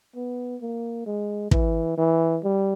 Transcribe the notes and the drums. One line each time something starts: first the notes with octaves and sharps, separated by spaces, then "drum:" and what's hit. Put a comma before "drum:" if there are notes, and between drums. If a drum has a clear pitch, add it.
B3
A#3
G#3
E3, drum: kick
E3
G3